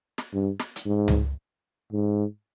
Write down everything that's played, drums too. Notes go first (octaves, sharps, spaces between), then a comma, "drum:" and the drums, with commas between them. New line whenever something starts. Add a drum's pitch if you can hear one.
drum: snare
G2
drum: snare
drum: hi-hat
G#2
drum: tom C#2
G#2